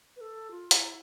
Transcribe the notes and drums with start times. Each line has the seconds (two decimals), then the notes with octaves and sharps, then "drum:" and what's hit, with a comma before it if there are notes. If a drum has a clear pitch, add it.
0.16 B4
0.21 A4
0.51 F4
0.71 E4, drum: hi-hat